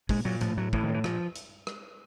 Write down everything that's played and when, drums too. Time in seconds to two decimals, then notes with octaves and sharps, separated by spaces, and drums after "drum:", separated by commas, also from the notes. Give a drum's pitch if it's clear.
0.09 A#2 G#3, drum: kick, open hi-hat
0.25 A#2 F#3
0.41 A2 F3, drum: hi-hat
0.57 A2 F#3
0.73 A2 E3, drum: kick
0.83 A2 D#3
0.94 E3
1.04 A#2 F3, drum: rim click
1.36 drum: hi-hat
1.67 drum: rim click